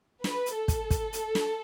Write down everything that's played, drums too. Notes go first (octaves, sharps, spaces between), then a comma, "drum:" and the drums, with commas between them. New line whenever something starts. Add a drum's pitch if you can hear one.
B4, drum: snare
drum: hi-hat
A4
drum: kick, hi-hat
drum: kick, hi-hat
drum: hi-hat
drum: snare